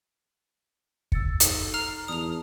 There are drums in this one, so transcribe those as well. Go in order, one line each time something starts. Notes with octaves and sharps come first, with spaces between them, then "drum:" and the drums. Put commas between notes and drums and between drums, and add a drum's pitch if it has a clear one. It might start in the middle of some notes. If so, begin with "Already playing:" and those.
E6 A6 C#7, drum: kick
D#4 A4, drum: hi-hat
A#5 F6 C7
E2 D5 A5 D#6 F7